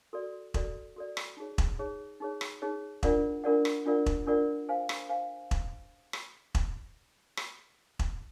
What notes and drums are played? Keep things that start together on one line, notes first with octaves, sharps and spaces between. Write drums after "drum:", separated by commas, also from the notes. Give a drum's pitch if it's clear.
F#4 A4 D5
F#4 A4 D5, drum: kick E1
F#4 A4 D5
drum: rim click
D#4 G#4 C#5
drum: kick E1
D#4 G#4 C#5
D#4 G#4 C#5
drum: rim click
D#4 G#4 C#5
D4 F4 A#4 D5 F#5, drum: kick E1
D4 F4 A#4 D5 F#5
drum: rim click
D4 F4 A#4 D5 F#5
drum: kick E1
D4 F4 A#4 D5 F#5
C5 F5 G#5
drum: rim click
C5 F5 G#5
drum: kick E1
drum: rim click
drum: kick E1
drum: rim click
drum: kick E1